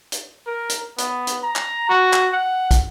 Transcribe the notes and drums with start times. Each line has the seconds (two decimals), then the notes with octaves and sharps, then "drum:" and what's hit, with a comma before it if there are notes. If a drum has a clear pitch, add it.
0.12 drum: hi-hat
0.47 A#4
0.69 drum: hi-hat
0.98 B3, drum: hi-hat
1.27 drum: hi-hat
1.43 A#5
1.56 drum: clap
1.89 F#4
2.13 drum: clap
2.33 F#5
2.71 drum: kick, hi-hat